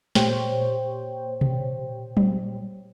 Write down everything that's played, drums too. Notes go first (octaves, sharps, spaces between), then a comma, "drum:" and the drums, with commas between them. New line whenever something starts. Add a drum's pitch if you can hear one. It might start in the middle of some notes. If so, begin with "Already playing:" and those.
A#2 G4 C5 C#5 G5, drum: snare
drum: tom B2
drum: tom F#3